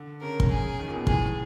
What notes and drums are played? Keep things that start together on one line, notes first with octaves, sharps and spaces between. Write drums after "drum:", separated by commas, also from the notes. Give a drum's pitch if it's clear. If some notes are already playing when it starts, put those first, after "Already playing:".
Already playing: D3
C#3 A#4
drum: kick
G#4
D#3
A#2
B2
A2 G#4, drum: kick